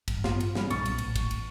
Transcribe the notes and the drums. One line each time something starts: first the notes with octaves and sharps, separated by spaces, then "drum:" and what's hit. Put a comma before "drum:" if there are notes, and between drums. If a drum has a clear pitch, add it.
A1 G2, drum: kick, cymbal
F4, drum: snare
drum: cymbal
C#3 G3 B5 F6, drum: snare
B1 A#2 B3 C#6 A6, drum: cymbal
drum: cymbal
A1, drum: cymbal
drum: kick, cymbal
drum: cymbal